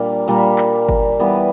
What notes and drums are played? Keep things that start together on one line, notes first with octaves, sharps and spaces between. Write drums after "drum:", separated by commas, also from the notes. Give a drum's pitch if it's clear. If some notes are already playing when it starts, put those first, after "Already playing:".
Already playing: A#2 G3 A#3 D4
A#2 G3 A#3 D4
drum: clap
drum: kick G1
E3 G3 B3